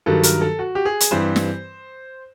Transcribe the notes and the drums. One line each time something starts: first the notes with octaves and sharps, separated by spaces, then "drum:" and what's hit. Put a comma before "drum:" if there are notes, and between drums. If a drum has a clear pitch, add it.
G2 D#3 F#3 A4
A#4, drum: hi-hat
A4
F#4
G4
G#4
drum: hi-hat
G2 E3 G3 C4 C5
drum: snare